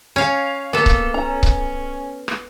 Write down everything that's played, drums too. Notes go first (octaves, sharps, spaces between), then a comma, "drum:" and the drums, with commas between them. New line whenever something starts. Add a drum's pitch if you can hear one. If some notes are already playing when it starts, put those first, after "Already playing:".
C#4 C#5 F5
A#3 B3 A4
drum: kick C#1
C#4 A#5
drum: kick C#1
drum: rim click